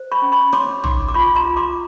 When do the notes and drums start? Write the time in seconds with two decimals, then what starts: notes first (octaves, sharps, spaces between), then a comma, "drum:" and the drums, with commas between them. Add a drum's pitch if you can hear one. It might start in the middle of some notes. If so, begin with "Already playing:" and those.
Already playing: C5
0.12 B5 C#6
0.22 C#4
0.32 B5 C#6
0.53 C#5 C6 D6, drum: rim click
0.84 D#4 C6 D6, drum: tom
1.08 D6
1.14 F4 B5 C#6
1.35 A#5 C6
1.46 F4
1.57 C6 D6